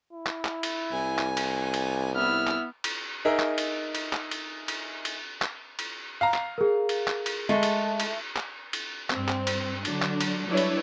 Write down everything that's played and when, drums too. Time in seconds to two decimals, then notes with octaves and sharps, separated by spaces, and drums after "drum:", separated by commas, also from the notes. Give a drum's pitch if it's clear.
0.13 E4
0.26 drum: clap
0.45 drum: clap
0.63 drum: cymbal
0.92 C2 G#5
1.18 drum: clap
1.37 drum: cymbal
1.74 drum: cymbal
2.15 B3 E4 E6 F6
2.47 drum: clap
2.84 drum: cymbal
3.25 D#4 G#4 A#4 E5
3.39 drum: clap
3.58 drum: cymbal
3.95 drum: cymbal
4.13 drum: clap
4.31 drum: cymbal
4.68 drum: cymbal
5.05 drum: cymbal
5.42 drum: clap
5.79 drum: cymbal
6.21 F5 A#5
6.34 drum: clap
6.58 G#4 A#4
6.89 drum: cymbal
7.08 drum: clap
7.26 drum: cymbal
7.49 G#3 A3
7.63 drum: cymbal
8.00 drum: cymbal
8.36 drum: clap
8.73 drum: cymbal
9.10 G2 C4, drum: clap
9.28 drum: clap
9.47 drum: cymbal
9.85 D3 F#3 D4, drum: cymbal
10.02 drum: clap
10.21 drum: cymbal
10.48 F#3 G3 D4 E4 B4 C#5
10.57 drum: cymbal